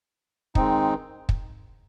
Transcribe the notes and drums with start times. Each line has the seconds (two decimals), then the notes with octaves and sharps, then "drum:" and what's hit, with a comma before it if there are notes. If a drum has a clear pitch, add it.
0.55 D#3 G#3 C4 D#4, drum: kick
1.29 drum: kick